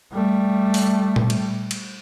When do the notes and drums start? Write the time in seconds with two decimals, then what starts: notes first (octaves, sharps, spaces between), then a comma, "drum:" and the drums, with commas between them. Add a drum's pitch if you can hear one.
0.12 G3 A3
0.74 drum: open hi-hat
1.16 drum: tom A#2
1.30 drum: cymbal
1.71 drum: cymbal